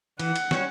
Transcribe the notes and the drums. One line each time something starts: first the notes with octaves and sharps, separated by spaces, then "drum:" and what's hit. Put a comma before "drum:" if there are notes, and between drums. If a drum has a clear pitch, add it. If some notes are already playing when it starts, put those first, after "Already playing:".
E3 F#5, drum: cymbal
drum: cymbal
G3 C#4 F#4, drum: snare